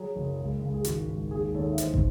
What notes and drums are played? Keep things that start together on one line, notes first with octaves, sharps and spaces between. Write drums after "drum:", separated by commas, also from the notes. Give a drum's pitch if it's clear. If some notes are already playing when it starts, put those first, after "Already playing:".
Already playing: F#3 G#4
F#1
C#2
C#2
G#4
G#1 F#4, drum: hi-hat
G#1
D#2 G#4
D#2 A4 C#5
E5
E3 C5 D#5, drum: hi-hat
drum: kick